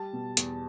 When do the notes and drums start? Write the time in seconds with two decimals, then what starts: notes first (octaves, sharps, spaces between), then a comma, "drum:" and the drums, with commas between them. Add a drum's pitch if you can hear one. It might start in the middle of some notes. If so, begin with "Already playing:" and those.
Already playing: G3 A5
0.13 B2
0.37 E2, drum: hi-hat